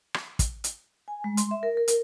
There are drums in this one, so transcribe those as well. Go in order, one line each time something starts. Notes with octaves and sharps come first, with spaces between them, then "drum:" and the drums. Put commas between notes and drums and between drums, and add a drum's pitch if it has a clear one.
drum: rim click
drum: kick, hi-hat
drum: hi-hat
G#5
G#3
C6, drum: hi-hat
E5
A#4
A#4
drum: hi-hat